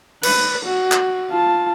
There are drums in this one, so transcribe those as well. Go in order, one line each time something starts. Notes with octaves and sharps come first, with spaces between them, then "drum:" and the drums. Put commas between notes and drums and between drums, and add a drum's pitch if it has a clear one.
B4, drum: cymbal
F#4
drum: clap
F4 A5